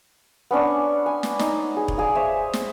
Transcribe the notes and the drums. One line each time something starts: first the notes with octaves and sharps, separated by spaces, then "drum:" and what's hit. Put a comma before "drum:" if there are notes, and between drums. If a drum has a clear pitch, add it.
B3 C#4 D4 C#6
G#5
drum: snare
D#4, drum: snare
G#4
drum: kick E1
G#4 D5 F5
C5 C#5 E5
drum: snare